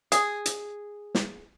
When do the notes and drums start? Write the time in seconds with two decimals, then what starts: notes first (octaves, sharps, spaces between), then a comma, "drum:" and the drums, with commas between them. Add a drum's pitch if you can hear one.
0.12 G#4, drum: hi-hat
0.46 drum: hi-hat
1.15 drum: snare